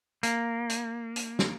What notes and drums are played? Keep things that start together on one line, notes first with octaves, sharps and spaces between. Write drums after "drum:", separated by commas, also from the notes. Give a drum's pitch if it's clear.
A#3, drum: hi-hat
drum: hi-hat
drum: hi-hat
drum: snare